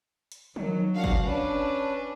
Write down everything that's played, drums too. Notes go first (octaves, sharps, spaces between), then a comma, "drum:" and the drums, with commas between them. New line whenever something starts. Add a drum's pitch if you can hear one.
drum: hi-hat
D#3 F#3, drum: tom E3
D4 F#4 F5 F#5
drum: kick
C#4 D4 B4